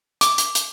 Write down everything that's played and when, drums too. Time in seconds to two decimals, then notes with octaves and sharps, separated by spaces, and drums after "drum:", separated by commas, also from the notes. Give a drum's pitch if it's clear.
0.21 D6, drum: hi-hat
0.38 drum: hi-hat
0.55 drum: hi-hat